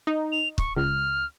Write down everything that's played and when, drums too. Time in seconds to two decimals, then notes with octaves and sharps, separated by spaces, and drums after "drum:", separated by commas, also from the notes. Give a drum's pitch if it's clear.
0.07 D#4
0.32 F7
0.58 C#6, drum: kick
0.76 C#2 F6